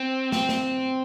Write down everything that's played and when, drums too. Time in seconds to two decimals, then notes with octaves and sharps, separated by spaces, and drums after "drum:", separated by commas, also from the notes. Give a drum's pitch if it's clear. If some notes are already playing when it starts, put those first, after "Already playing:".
Already playing: C4
0.32 C4, drum: snare
0.49 drum: snare